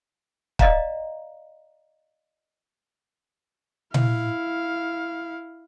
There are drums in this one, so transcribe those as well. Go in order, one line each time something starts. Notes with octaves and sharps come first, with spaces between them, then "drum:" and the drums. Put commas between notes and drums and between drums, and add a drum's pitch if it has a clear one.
D5 D#5 F5 A#5, drum: kick
E4 F5, drum: tom A#2